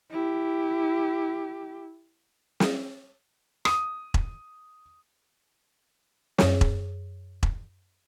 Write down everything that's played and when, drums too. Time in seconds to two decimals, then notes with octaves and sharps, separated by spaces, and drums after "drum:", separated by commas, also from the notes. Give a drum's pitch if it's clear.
0.11 E4 G4
2.60 drum: snare
3.65 D#6, drum: rim click
4.14 drum: kick E1
6.38 F#2 G#4 C#5, drum: snare
6.61 drum: kick E1
7.43 drum: kick E1